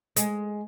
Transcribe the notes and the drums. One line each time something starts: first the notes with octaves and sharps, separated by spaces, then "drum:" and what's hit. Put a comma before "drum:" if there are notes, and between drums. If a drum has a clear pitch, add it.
G#3, drum: hi-hat